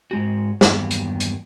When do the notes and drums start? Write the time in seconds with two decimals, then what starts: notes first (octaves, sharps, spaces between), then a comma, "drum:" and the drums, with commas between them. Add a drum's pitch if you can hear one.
0.11 G#2 G#3 F#4
0.61 E2 G2 D#3 F#3 A#3 B3, drum: snare
0.91 drum: hi-hat
1.20 drum: hi-hat